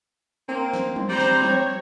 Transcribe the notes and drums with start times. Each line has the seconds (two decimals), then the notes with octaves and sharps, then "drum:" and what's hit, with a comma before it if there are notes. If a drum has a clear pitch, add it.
0.49 A#3 C4
0.73 drum: snare
0.96 drum: tom F3
1.09 G3 C5 A#5
1.19 drum: snare
1.41 C#5, drum: tom F3